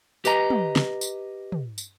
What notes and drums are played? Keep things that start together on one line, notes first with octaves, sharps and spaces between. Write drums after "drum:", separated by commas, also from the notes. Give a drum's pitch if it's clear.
G4 B4 D#5 A#5, drum: tambourine
drum: tom
drum: snare
drum: tambourine
drum: tom
drum: tambourine